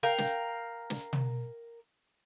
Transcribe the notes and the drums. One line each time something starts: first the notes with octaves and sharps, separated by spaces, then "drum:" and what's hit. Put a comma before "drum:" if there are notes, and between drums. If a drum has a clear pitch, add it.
A#4 F5 G5
drum: snare
drum: snare
drum: tom